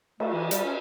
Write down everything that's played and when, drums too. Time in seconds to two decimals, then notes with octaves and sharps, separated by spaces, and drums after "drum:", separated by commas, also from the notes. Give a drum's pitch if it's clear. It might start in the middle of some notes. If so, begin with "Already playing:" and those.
0.20 A3, drum: cymbal
0.33 E3
0.51 G3, drum: hi-hat
0.65 C#4